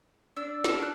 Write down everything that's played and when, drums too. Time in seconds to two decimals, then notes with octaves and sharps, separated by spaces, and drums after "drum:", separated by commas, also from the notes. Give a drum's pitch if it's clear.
0.37 D4 E6
0.64 A#4 A5, drum: snare
0.80 D4 F6 F#6